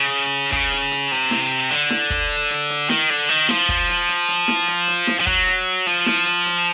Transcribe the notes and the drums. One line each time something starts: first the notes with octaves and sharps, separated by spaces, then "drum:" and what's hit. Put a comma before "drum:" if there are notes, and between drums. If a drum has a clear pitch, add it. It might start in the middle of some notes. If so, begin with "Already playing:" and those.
Already playing: C#3
C#3, drum: kick, hi-hat
drum: hi-hat
drum: hi-hat
C3, drum: hi-hat
drum: snare E4
D3, drum: hi-hat
drum: snare E4
drum: kick, hi-hat
drum: hi-hat
drum: hi-hat
D#3, drum: snare E4
D3, drum: hi-hat
D#3, drum: hi-hat
F3, drum: snare E4
drum: kick, hi-hat
drum: hi-hat
drum: hi-hat
drum: hi-hat
drum: snare E4
drum: hi-hat
drum: hi-hat
drum: snare E4
F3
F#3, drum: kick, hi-hat
drum: hi-hat
F3, drum: hi-hat
drum: snare E4
drum: hi-hat
drum: hi-hat